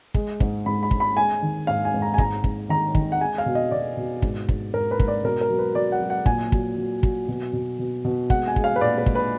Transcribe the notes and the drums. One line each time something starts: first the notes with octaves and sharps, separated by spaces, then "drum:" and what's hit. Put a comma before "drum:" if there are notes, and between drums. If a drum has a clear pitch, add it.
G#3, drum: kick
G#2, drum: kick
G#2 B5
B5
G#2, drum: kick
B5
G#3 G#5
D#3
G#2 F5
G#5
G#2
A#5
G#5
G#2 A#5, drum: kick
G#2, drum: kick
D#3 A#5
D#3, drum: kick
F#5
G#3 G#5
F5
B2
D#5
B2 D5
B2
G#2, drum: kick
G#2, drum: kick
G#2 A#4
B4
G#2, drum: kick
D5
B2 A#4
A#4
F#3
B4
F#3 D5
F#5
F#3
F#5
A#2 G#5, drum: kick
F#3, drum: kick
F#3
F#3, drum: kick
B2
B2
B2
B2
G#3 F#5, drum: kick
G#5
G#3, drum: kick
F5
B4
A#2 D5
B4
G#3, drum: kick
B4